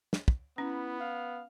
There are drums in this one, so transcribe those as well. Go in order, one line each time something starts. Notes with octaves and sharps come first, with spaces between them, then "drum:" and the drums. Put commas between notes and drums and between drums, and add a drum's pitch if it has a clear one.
drum: snare
drum: kick
B3 C#4 E4
F5